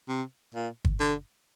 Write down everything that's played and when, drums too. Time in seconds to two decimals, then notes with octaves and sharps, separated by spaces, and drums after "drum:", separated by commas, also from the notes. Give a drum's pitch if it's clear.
0.08 C3
0.54 A#2
0.85 drum: kick
1.00 D3